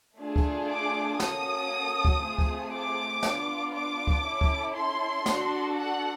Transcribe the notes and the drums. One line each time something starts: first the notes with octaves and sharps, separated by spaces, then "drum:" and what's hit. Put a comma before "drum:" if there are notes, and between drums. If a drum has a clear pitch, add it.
A3 D4 F4 G#4
drum: kick
D6
A#3 C#4 F#4 A4 D#6, drum: snare
drum: kick
A3 C4 F4 G#4
drum: kick
D6
B3 D4 F4, drum: snare
D6
drum: kick
C#4 E4 A4
drum: kick
C6
D4 F#4 A4, drum: snare
F#5